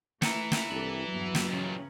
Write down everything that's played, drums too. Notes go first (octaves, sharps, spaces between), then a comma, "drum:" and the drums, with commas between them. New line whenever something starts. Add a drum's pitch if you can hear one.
E3 A3 E4 E5 A#5 C#7, drum: snare
drum: snare
C2 D4 G4 A4 F#7
E2 G2 F#3 B3
drum: snare
D#2 A#2 C#3 E3 C#4